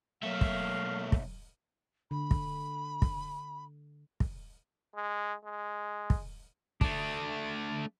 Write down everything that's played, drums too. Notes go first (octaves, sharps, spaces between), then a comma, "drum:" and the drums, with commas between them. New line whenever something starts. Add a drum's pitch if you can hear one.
B1 F#3 A3 A#3 E5 F5
drum: kick
drum: kick
D3 B5
drum: kick
drum: kick
drum: kick
G#3
G#3
drum: kick
A3 D4, drum: kick